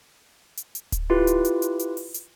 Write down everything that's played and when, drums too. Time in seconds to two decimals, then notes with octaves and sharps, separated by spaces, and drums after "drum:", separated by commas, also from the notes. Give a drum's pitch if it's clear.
0.57 drum: hi-hat
0.75 drum: hi-hat
0.92 drum: kick D1, hi-hat
1.10 E4 F4 G4 B4
1.27 drum: hi-hat
1.45 drum: hi-hat
1.62 drum: hi-hat
1.79 drum: hi-hat
1.97 drum: open hi-hat
2.14 drum: hi-hat